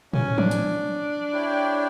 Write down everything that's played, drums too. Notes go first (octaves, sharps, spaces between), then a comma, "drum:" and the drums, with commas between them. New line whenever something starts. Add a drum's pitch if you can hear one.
C#4, drum: tom A2
D4, drum: tom E3
drum: hi-hat
E4 G4 C#5 G5